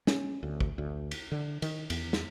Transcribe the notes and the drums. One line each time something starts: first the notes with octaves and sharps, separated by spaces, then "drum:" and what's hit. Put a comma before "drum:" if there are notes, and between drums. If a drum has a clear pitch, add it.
C#4, drum: snare
D2
drum: kick
D2
drum: cymbal
D3
D#3, drum: cymbal
E2, drum: cymbal
drum: snare